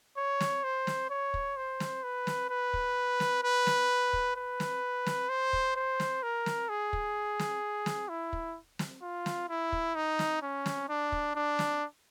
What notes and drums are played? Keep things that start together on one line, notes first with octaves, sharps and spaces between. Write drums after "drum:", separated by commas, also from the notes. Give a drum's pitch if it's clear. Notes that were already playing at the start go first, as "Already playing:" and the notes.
C#5
drum: snare
C5
drum: snare
C#5
drum: kick
C5
drum: snare
B4
drum: snare
B4
drum: kick
drum: snare
B4
drum: snare
drum: kick
B4
drum: snare
drum: snare
C5
drum: kick
C5
drum: snare
A#4
drum: snare
G#4
drum: kick
drum: snare
drum: snare
E4
drum: kick
drum: snare
F4
drum: snare
E4
drum: kick
D#4
drum: snare
C#4
drum: snare
D4
drum: kick
D4
drum: snare